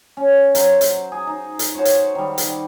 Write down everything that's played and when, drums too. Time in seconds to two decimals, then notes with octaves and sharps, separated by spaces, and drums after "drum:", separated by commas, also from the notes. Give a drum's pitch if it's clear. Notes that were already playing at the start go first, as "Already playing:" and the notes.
0.17 C#4
0.55 F#3 C5, drum: hi-hat
0.81 drum: hi-hat
1.12 G#4
1.27 D#4
1.59 drum: hi-hat
1.75 F#4 G#4 C5 C#5
1.85 drum: hi-hat
2.15 D#3 G3
2.38 drum: hi-hat